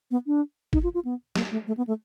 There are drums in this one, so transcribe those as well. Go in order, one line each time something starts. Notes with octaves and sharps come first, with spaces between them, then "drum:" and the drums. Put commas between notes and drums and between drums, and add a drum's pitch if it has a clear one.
B3
D4
D#4, drum: kick G1
F4
F4
B3
A#3, drum: snare
A3
A3
B3
A3